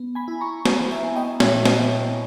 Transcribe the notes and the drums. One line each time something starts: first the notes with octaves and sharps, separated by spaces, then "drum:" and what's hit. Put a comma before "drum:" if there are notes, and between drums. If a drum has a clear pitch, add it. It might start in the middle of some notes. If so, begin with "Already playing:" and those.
Already playing: B3
G#5 B5
E4
A#5 C#6
B3, drum: snare
E5 G#5
B3
D#5 G5
A#2 C#5 E5, drum: snare
D#5 G5, drum: snare
B3